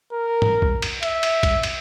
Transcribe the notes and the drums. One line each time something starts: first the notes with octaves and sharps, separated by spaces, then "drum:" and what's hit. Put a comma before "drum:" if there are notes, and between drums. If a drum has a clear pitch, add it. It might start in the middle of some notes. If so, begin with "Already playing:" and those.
A#4
drum: tom
drum: kick B1
drum: cymbal
E5, drum: cymbal
drum: cymbal
drum: kick B1, cymbal
drum: cymbal